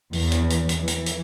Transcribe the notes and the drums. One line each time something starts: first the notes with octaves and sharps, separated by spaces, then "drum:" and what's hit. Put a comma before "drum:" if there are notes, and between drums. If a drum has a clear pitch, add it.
E2, drum: open hi-hat
drum: hi-hat
drum: hi-hat
drum: hi-hat
E3
drum: hi-hat
drum: hi-hat